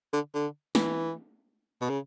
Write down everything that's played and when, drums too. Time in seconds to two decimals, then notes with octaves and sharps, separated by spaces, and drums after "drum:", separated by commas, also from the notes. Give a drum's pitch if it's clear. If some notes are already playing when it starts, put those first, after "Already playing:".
0.13 D3
0.34 D3
0.75 E3, drum: snare
1.81 B2
1.90 C#3